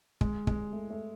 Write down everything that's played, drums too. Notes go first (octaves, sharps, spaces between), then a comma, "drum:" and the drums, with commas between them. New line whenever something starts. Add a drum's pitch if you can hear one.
G#3, drum: kick
G#3, drum: kick
A3
A3